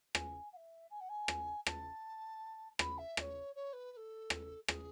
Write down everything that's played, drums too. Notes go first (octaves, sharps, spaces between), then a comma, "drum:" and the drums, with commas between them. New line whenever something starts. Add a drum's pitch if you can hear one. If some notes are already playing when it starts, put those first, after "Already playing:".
G#5, drum: rim click
F#5
E5
G#5
F#5
G#5
drum: rim click
A5, drum: rim click
B5, drum: rim click
E5
E5, drum: rim click
C#5
C#5
B4
B4
A4
drum: rim click
G#4, drum: rim click